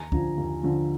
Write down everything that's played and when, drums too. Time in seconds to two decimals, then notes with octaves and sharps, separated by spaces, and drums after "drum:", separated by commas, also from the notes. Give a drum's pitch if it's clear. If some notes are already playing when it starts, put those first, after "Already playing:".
Already playing: D#2 G#5 A#5
0.12 D3 F3, drum: kick C#2
0.37 D#2
0.63 D3 F3